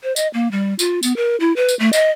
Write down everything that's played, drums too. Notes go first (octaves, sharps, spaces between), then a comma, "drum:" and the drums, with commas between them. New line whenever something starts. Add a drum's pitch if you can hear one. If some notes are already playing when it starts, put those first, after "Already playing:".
C5
D#5, drum: tambourine
A#3
G3
F4, drum: tambourine
B3, drum: tambourine
A#4
E4
B4
drum: tambourine
A3
D#5, drum: tambourine